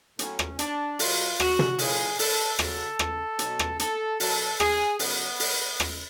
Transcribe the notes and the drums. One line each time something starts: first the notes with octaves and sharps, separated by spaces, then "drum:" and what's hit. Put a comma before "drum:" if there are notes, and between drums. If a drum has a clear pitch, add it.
A2 F#3 C#4, drum: hi-hat
drum: rim click
D4, drum: hi-hat
B2 F#3 F4, drum: open hi-hat
F#4, drum: rim click
drum: tom
A2 F3 G#4, drum: open hi-hat
A4, drum: open hi-hat
C#3 F#3 A4, drum: rim click
drum: rim click
F#3, drum: hi-hat
B2
drum: rim click
A4, drum: hi-hat
B2 F#3 A4, drum: open hi-hat
G#4, drum: rim click
C#3 F#3 B3, drum: open hi-hat
drum: open hi-hat
drum: rim click